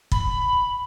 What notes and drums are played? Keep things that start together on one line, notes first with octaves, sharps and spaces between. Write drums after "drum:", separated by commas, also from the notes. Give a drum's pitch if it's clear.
B5, drum: kick